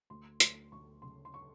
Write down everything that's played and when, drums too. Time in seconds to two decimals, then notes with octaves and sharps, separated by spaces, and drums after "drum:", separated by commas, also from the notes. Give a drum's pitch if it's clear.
0.10 D2 C6
0.40 D2 C6, drum: hi-hat
0.72 D2 C#6
1.02 C#3 C6
1.25 C6
1.34 C#6